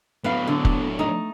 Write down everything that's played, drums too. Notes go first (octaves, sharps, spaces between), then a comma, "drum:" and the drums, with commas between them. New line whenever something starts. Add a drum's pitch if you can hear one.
A2 F#3 B3 B4 F5
D3
drum: kick F1
A3 D#4